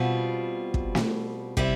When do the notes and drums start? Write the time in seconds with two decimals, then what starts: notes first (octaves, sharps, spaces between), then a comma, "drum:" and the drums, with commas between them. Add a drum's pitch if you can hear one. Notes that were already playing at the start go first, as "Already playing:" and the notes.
Already playing: B2 G3 C4 F4
0.74 drum: kick
0.95 drum: snare
1.57 C3 G3 C4 E4, drum: kick